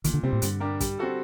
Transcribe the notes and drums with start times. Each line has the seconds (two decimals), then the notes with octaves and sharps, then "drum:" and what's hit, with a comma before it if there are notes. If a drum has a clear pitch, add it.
0.04 A#2 D#3, drum: kick, hi-hat
0.14 D3
0.23 C3 G3 C4
0.33 A2
0.42 G2 D3, drum: hi-hat
0.60 G3 D4 G4 A#4
0.80 G3, drum: kick, hi-hat
0.99 C4 F#4 A4